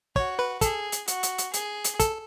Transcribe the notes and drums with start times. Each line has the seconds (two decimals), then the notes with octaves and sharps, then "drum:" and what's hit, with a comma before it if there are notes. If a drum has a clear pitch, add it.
0.16 F#4 C#5, drum: kick
0.39 B4
0.61 G#4 A4, drum: kick, hi-hat
0.92 drum: hi-hat
1.08 F#4, drum: hi-hat
1.23 drum: hi-hat
1.38 drum: hi-hat
1.53 G#4, drum: hi-hat
1.84 drum: hi-hat
2.00 A4, drum: kick, hi-hat